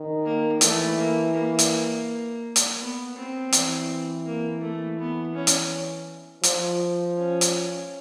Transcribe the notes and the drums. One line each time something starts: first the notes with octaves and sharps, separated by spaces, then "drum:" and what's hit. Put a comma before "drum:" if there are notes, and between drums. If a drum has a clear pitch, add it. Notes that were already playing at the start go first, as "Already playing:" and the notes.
Already playing: D#3
A#3
E3 A3, drum: hi-hat
A#3
A#3
drum: hi-hat
drum: hi-hat
B3
C4
E3, drum: hi-hat
A#3
A3
B3
C#4
drum: hi-hat
F3, drum: hi-hat
C#4
drum: hi-hat